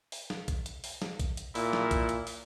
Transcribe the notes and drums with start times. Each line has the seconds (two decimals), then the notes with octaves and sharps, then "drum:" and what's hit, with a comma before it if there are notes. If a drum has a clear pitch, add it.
0.12 drum: open hi-hat
0.30 drum: snare
0.48 drum: kick A#1, hi-hat
0.66 drum: hi-hat
0.84 drum: open hi-hat
1.02 drum: snare
1.20 drum: kick A#1, hi-hat
1.37 drum: hi-hat
1.55 A#2 E4, drum: open hi-hat
1.73 drum: snare
1.91 drum: kick A#1, hi-hat
2.09 drum: hi-hat
2.27 drum: open hi-hat